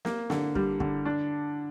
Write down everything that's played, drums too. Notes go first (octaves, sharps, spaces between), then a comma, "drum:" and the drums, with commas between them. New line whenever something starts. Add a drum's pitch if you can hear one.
A#3, drum: snare
D3, drum: snare
G3, drum: kick
D3, drum: kick
D4